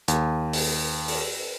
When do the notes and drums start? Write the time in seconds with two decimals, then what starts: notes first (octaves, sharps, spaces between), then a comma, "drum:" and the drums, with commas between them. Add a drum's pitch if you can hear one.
0.08 D#2, drum: hi-hat
0.53 drum: open hi-hat
1.08 drum: open hi-hat